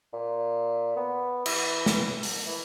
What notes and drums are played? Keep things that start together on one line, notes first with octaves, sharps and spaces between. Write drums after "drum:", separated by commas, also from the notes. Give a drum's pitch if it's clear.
A#2
B3
E3, drum: cymbal
drum: snare
drum: open hi-hat
E3